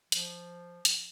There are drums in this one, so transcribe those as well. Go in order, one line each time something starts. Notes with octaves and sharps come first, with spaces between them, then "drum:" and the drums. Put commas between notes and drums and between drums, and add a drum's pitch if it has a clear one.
F3, drum: hi-hat
drum: hi-hat